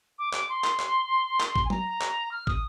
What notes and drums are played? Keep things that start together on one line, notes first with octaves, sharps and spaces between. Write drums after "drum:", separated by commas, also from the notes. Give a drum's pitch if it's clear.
D6
D6, drum: clap
C6
drum: clap
drum: clap
drum: clap
drum: kick
G#5
A#5, drum: tom F#3
drum: clap
F6
D#6, drum: kick